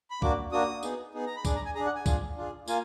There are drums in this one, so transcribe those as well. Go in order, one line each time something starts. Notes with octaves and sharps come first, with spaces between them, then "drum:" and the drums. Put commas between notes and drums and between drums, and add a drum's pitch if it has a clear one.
B5
A#3 D4 F#4 D6, drum: kick C2
A#3 D4 F#4 D#6
B3 D#4 G#4, drum: tambourine
B3 D#4 G#4
A#5
B5
D4 G#4 D6, drum: kick C2, tambourine
A#5
G#5
D4 G#4 A#5
F#5
G#5
D4 F4 G#4, drum: kick C2, tambourine
D4 F4 G#4
A#3 F4 G#5, drum: tambourine